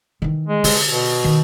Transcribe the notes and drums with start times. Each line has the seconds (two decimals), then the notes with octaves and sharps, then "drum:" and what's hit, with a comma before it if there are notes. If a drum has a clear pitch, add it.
0.22 D#3 E3
0.47 G#3
0.64 D3, drum: open hi-hat
0.88 B2
1.24 D#3